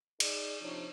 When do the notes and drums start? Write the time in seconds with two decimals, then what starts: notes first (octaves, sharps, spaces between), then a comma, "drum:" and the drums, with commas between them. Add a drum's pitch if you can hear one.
0.20 D#4 G#4 D5, drum: cymbal
0.61 C3 F3 D4 D#4 C#5